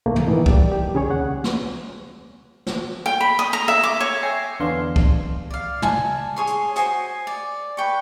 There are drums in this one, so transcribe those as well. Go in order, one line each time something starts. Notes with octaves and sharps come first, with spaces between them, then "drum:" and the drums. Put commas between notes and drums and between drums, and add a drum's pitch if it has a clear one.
C2 G#2 A3 A#3
drum: tom
A#2 D#3 E3 A#3 B3
G3 G4 D5, drum: kick C2
G4
C#3 G#4 C#5
D#2 F#5
drum: snare
drum: snare
G5
B5
D#6
A#5
E5
D6
C#5
E5 G5 G#5 C#6 A#6 C7
E2 D3 B3 D4 F5 C6
drum: kick C2
D5 F5
G#5 A5, drum: tom
G#4 C#5 C6
drum: hi-hat
F#4 C5 G#5 D#6, drum: hi-hat
D5
B4 G5 C#6